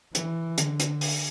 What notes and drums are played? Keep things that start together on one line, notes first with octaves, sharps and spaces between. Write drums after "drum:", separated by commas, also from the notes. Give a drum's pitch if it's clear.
E3, drum: hi-hat
D3, drum: hi-hat
drum: hi-hat
drum: open hi-hat